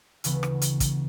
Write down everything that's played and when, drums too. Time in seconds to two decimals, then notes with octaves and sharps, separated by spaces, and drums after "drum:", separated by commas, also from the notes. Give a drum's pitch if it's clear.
0.24 D2 C#3 E3 B3, drum: hi-hat
0.43 drum: rim click
0.62 drum: hi-hat
0.80 drum: kick, hi-hat